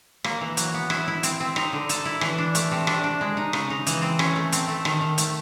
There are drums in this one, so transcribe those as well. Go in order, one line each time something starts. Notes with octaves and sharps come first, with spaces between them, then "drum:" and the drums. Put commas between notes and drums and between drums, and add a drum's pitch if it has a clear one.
A#3, drum: rim click
E3
F#3, drum: hi-hat
B3
E4, drum: rim click
E4
C4, drum: hi-hat
C4
D#4, drum: rim click
D3
A4, drum: hi-hat
E4
E3, drum: rim click
D4
A3, drum: hi-hat
C3
D4, drum: rim click
D4
G#3
D#4
C#3, drum: rim click
D#4
E3, drum: hi-hat
C4
C#4, drum: rim click
A3
C4, drum: hi-hat
A3
D#3, drum: rim click
D#3
A3, drum: hi-hat